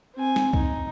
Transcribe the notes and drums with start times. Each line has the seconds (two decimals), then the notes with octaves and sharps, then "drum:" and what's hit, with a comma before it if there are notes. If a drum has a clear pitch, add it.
0.15 C4 G#5
0.36 drum: snare
0.53 D#4, drum: kick C2